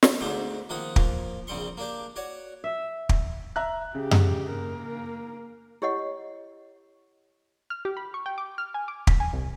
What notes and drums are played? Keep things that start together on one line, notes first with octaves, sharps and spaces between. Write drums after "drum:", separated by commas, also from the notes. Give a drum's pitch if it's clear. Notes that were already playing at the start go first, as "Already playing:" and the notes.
drum: snare
D2 G#2 D4 C5
D#3 F3 A#3 F#5 D#6
F3 A#3, drum: kick
A#1 C#3 G3 C4 C6 C#6
A#3 D4 G4
F#4 C#5 D5
E5
drum: kick
E5 A#5 F#6
C#3 G4
drum: tom F#2
A#3 A#4
E4 G4 C#5 D#5 F#5
F6
G4
B5
C#6
G5
D6
F6
G#5
D6
B6, drum: kick
G#5
C2